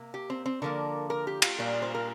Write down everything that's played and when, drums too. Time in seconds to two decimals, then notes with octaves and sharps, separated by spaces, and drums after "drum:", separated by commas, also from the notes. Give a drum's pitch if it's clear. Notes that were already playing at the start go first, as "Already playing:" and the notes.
Already playing: C3 A#3
0.14 G4
0.30 C4
0.46 C4
0.62 D3 F3 A#3 A#4
1.10 A#4
1.27 G4
1.42 F4, drum: cymbal
1.59 A#2 G3 A#3
1.82 C5
1.95 A#4